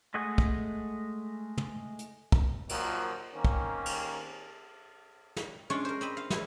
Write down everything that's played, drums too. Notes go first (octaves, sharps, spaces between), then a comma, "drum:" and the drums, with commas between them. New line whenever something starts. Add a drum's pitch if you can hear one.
G#3 A3 D#5 F#5 G#5
drum: kick
drum: tom
drum: hi-hat
drum: kick
A#2 D#3 F3 F#3, drum: cymbal
D#3 A#3 C4 C#4
drum: kick
drum: cymbal
drum: snare
G#3 C#4 D4 F4 C#5
A#4 C5
C4 D#5 B5
F5
E4, drum: snare